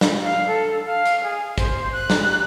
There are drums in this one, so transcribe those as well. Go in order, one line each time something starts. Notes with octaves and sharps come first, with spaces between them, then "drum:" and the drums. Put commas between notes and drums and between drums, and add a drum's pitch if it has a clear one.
drum: snare
F5
A4
F5
drum: hi-hat
G#4
C5, drum: kick, hi-hat
F#6
drum: snare